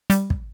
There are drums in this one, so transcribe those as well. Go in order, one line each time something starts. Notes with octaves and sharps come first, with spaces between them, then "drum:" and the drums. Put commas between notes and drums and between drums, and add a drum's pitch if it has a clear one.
G3, drum: hi-hat
drum: kick